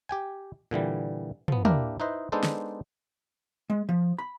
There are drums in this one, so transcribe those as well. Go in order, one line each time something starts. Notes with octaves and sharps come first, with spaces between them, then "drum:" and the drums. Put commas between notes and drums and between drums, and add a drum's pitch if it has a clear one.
G4 G5 G#5
A#2 D3 E3 G3
F3 B3, drum: tom
A#3 D4 E4 G4 A#4, drum: tom
D#4 E4 B4 C5 D#5
G#3 B3 D4 D#4 A4 C5
drum: snare
G#3
F3
B5